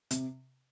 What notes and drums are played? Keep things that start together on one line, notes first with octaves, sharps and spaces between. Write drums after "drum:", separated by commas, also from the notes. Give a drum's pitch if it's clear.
C3, drum: hi-hat